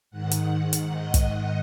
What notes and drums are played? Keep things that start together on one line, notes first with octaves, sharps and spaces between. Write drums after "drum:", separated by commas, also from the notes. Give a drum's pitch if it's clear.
G#2 D#3 F#5
drum: hi-hat
F#5
drum: hi-hat
D#5
drum: kick, hi-hat